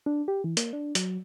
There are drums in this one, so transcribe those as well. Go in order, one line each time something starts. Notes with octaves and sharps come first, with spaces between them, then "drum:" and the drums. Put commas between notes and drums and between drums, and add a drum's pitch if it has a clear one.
D4
G4
E3
A#3, drum: hi-hat
D4
F#3, drum: hi-hat